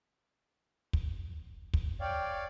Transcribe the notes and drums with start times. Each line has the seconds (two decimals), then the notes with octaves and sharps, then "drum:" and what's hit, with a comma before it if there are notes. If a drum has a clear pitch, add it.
0.93 drum: kick
1.74 drum: kick
2.00 C#5 D5 F5 G5